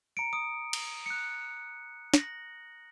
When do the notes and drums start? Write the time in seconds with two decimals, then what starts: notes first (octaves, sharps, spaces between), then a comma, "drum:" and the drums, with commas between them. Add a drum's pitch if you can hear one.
0.17 A#5 C#7 D7
0.33 D#6 D7
0.73 drum: cymbal
1.06 F#6 C#7
2.14 A#6 F#7, drum: snare